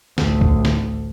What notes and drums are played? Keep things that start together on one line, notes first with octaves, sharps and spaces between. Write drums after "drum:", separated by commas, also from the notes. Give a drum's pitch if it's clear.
A1 D2, drum: snare
drum: kick C2
drum: snare